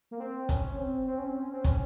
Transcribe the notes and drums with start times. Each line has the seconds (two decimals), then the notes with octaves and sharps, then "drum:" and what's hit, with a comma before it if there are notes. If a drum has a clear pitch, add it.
0.11 A#3
0.20 C4
0.49 C#4, drum: kick, hi-hat
0.77 C4
1.07 C4
1.18 C#4
1.30 C4
1.41 C#4
1.53 C4
1.64 C#4, drum: kick, hi-hat